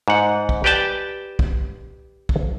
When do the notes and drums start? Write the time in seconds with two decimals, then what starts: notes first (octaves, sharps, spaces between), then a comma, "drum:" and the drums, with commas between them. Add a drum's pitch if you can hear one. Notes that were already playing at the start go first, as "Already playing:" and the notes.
0.08 G#2 F#5
0.49 drum: kick
0.64 G4 B4 D5 G5 A5
1.39 drum: kick
2.29 drum: kick